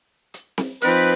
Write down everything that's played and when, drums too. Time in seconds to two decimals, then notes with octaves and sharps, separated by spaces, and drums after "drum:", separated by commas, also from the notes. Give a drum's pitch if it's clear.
0.34 drum: hi-hat
0.58 drum: snare C4
0.82 F3 C4 D#4 B4, drum: hi-hat